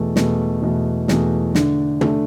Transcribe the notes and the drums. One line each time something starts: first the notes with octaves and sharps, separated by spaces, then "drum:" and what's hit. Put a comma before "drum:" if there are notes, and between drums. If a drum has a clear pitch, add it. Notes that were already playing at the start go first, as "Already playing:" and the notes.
Already playing: E2 B2 A3
E2 B2 A3, drum: snare
E2 B2 A3
E2 B2 A3, drum: snare
D3 A3 D4, drum: snare
D3 A3 D4, drum: tom